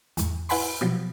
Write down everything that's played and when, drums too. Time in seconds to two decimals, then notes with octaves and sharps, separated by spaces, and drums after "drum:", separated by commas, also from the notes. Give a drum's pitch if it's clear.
0.17 E2 G#2, drum: hi-hat
0.49 E4 B4 F#5 G#5 B5 C6, drum: open hi-hat
0.81 B2 F3 F#3